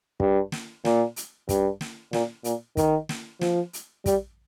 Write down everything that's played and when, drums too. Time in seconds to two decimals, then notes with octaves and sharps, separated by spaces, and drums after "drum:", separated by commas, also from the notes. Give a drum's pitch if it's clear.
0.20 G2, drum: kick
0.52 drum: snare
0.85 A#2, drum: snare
1.16 drum: hi-hat
1.49 G2, drum: kick, hi-hat
1.81 drum: snare
2.13 A#2, drum: snare
2.44 A#2, drum: hi-hat
2.77 D#3, drum: kick, hi-hat
3.09 drum: snare
3.41 F3, drum: snare
3.73 drum: hi-hat
4.06 G3, drum: kick, hi-hat